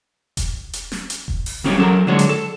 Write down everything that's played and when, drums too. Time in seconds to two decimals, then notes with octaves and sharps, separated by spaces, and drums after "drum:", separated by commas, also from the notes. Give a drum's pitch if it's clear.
0.37 drum: kick E1, hi-hat
0.73 drum: hi-hat
0.92 drum: snare
1.10 drum: hi-hat
1.28 drum: kick E1
1.46 drum: open hi-hat
1.64 D#3 F#3 G3 C#4 G4 C#5
1.78 F#3 A4 A#4
2.07 D3 F#3 G#3 D4 F#4 C#5
2.19 drum: hi-hat
2.29 A4